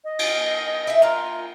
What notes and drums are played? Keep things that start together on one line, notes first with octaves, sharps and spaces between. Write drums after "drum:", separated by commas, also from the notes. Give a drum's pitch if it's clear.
D#5
drum: cymbal
E4 E5, drum: hi-hat
F4 A#4 A#5